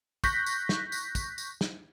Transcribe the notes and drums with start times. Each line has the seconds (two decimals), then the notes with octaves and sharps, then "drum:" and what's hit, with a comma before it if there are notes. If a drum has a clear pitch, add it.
0.24 C#6 F#6 G6 A#6 B6, drum: kick, tambourine
0.46 drum: tambourine
0.69 drum: snare
0.92 drum: tambourine
1.15 drum: kick, tambourine
1.38 drum: tambourine
1.61 drum: snare